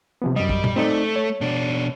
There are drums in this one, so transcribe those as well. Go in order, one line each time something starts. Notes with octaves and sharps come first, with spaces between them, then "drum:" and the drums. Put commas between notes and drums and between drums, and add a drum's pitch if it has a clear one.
C3 F3 B3
F#2 G3 D#5
drum: kick
drum: tom A#2
A3 C4 D#4 D5
C#5
B2 D4